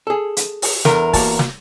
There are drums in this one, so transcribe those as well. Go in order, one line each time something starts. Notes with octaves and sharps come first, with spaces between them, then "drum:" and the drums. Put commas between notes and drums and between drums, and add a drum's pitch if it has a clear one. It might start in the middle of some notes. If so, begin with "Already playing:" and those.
G#4 A4
drum: hi-hat
drum: open hi-hat
E2 A#4, drum: snare
A#3 F#4 A5, drum: kick, open hi-hat
drum: snare